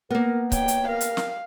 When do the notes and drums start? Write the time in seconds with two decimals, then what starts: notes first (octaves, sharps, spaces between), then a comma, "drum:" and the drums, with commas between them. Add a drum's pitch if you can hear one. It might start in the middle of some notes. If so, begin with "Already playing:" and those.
0.11 A#3 B3 A#4
0.52 C#5 G5, drum: kick C#1, hi-hat
0.68 drum: hi-hat
0.88 A#4 F5
1.01 drum: hi-hat
1.17 drum: snare